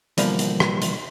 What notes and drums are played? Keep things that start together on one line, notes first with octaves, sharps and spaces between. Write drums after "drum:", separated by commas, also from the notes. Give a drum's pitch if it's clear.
B2 D3 E3 F3 G3 A#3, drum: hi-hat
drum: hi-hat
drum: rim click
drum: hi-hat